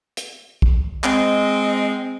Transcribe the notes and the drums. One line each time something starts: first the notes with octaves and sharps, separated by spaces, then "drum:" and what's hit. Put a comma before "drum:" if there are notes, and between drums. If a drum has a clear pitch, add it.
drum: hi-hat
drum: kick
G#3 C4 D#5, drum: clap